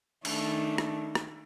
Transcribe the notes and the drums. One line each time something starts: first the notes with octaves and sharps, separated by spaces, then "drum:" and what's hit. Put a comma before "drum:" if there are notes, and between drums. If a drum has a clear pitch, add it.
D#3 A3 D4, drum: cymbal
drum: rim click
drum: rim click